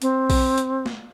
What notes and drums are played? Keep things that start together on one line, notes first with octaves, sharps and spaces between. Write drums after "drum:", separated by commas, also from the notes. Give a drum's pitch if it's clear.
C4, drum: hi-hat
drum: kick B1, open hi-hat
drum: hi-hat
drum: snare